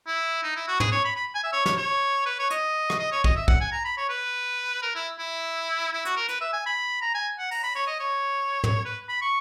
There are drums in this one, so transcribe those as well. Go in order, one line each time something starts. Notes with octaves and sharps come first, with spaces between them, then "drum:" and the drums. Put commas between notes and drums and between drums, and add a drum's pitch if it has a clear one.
E4
D#4
E4
F#4
G#4, drum: tom
C#5
B5
B5
G#5
E5
C#5
C#5, drum: snare
C#5
B4
C#5
D#5, drum: hi-hat
drum: rim click
D#5
C#5
D#5, drum: kick B1
E5
F#5, drum: kick B1
G#5
A#5
B5
C#5
B4
A#4
E4
E4
E4
F#4, drum: hi-hat
A#4
B4, drum: hi-hat
E5
G#5
B5
A#5
G#5
F#5
A#5, drum: open hi-hat
B5
C#5
D#5
C#5
drum: tom
B4
B5
C#6